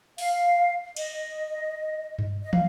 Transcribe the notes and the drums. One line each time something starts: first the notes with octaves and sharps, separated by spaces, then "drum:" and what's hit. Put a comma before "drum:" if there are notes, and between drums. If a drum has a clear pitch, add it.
F5, drum: open hi-hat
D#5, drum: cymbal
drum: tom G2
D#5
F5, drum: tom